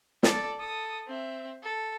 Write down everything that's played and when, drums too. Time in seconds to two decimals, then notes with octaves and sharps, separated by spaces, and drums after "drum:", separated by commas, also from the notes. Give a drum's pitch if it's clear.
0.23 A4 D5, drum: snare
0.60 A4 D#6
1.08 C4 E5
1.63 A4